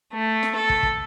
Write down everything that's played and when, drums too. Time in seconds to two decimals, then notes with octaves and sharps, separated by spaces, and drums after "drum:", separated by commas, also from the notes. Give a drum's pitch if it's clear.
0.14 A3
0.43 drum: snare
0.56 A4
0.70 drum: kick
0.83 drum: kick